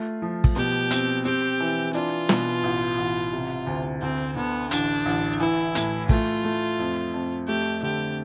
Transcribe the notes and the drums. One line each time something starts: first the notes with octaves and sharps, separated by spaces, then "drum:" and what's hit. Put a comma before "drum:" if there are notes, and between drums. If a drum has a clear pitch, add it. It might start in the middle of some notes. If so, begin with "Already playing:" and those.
Already playing: A3 F4
F3
drum: kick
B2 G4
C4, drum: hi-hat
C4 G4
E3
D4 F4
B2, drum: snare
A1
A1
C3
D2
D2 C4
D3 B3
A1 D4, drum: hi-hat
A1
E3 E4
A2, drum: hi-hat
A3 F4, drum: kick
A3
F2
F2
A3 G4
D3 G4